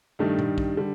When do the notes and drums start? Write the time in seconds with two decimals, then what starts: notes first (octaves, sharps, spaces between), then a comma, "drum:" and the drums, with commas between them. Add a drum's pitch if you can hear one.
0.19 G2 D#3 G3 A3
0.39 drum: tom A#2
0.58 drum: kick
0.77 D3 G3